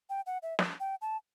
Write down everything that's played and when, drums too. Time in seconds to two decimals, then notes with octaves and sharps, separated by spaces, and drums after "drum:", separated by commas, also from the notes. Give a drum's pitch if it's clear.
0.10 G5
0.27 F#5
0.43 E5
0.59 drum: snare
0.80 G5
1.02 A5